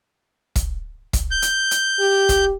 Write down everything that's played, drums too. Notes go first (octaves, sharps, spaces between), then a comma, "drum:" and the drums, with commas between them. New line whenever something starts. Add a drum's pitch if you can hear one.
drum: kick, hi-hat
drum: kick, hi-hat
G6
drum: hi-hat
drum: hi-hat
G4
drum: kick, hi-hat